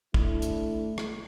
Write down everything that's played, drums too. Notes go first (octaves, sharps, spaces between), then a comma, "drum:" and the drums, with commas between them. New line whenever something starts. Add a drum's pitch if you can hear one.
A3 D4 E4, drum: kick
drum: hi-hat
drum: rim click